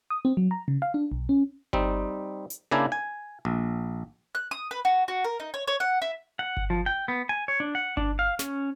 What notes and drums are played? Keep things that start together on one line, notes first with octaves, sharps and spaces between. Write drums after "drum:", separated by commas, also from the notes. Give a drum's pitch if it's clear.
D#6
C4
F#3
A#5
C#3
F5
D4
B1
C#4
G3 C4 D#4, drum: kick G1
drum: hi-hat
C#3 A#3 D4 E4 G#5
G#5
A#1
F#6
D#6
B4
F#4
F#4
A#4
D#4
C#5
C#5
F#5
E4
F#5
drum: kick G1
F3
G5
B3
G#5
C#5
D4
F#5
D4, drum: kick G1
F5
C#4, drum: snare